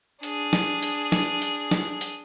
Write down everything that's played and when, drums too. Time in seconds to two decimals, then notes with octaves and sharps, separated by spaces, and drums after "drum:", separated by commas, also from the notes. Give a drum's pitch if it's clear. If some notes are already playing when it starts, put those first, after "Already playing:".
0.23 D4 G#4, drum: hi-hat
0.53 drum: snare
0.82 drum: hi-hat
1.12 drum: snare
1.42 drum: hi-hat
1.71 drum: snare
2.01 drum: hi-hat